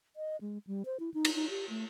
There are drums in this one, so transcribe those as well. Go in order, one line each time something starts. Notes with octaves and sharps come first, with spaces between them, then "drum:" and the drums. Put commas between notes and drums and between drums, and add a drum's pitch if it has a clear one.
D#5
G#3
G3
C5
E4
D#4
drum: cymbal
D#4
G4
A3